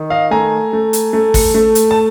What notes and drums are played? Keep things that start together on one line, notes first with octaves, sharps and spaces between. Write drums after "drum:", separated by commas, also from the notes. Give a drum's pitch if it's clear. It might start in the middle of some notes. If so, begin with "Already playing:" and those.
Already playing: D#3
D#5 F5
A3 G#5 A#5
A3
drum: hi-hat
A3
drum: kick, open hi-hat
A3
drum: hi-hat
A5